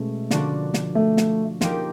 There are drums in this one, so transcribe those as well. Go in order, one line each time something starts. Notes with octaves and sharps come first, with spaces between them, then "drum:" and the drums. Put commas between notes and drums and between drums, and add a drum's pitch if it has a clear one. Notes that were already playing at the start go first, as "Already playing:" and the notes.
Already playing: B2 G#3 A3 C#4
D3 F3 A#3 D4 F#4, drum: snare
drum: snare
A3
drum: snare
F3 A#3 D#4 G4 A#4, drum: snare